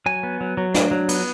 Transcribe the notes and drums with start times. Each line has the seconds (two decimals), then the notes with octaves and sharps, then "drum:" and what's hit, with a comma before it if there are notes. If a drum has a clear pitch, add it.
0.06 F#3 G#5
0.23 B3
0.41 F#3
0.57 F#3
0.74 D4, drum: snare
0.91 F#3
1.09 B3, drum: cymbal